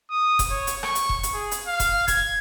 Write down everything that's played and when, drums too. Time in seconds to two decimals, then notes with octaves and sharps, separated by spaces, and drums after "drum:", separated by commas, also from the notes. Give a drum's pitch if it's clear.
0.10 D#6
0.39 drum: kick E1, hi-hat
0.50 C#5
0.67 drum: hi-hat
0.83 C#6, drum: rim click
0.95 drum: hi-hat
1.09 drum: kick E1
1.23 drum: hi-hat
1.34 G#4
1.51 drum: hi-hat
1.67 F5
1.80 drum: kick E1, hi-hat
2.08 G#6, drum: kick E1, hi-hat